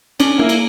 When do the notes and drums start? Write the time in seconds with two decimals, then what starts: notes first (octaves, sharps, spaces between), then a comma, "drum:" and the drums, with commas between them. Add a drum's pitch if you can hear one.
0.20 C#4 D4, drum: cymbal
0.39 A#3 E4
0.49 drum: cymbal